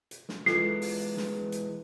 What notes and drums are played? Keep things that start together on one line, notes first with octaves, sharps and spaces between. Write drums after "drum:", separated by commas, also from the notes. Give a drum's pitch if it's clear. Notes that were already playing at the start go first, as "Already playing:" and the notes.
drum: hi-hat
drum: snare
E3 G#3 F4 A4 C7, drum: snare
drum: open hi-hat
drum: snare
drum: hi-hat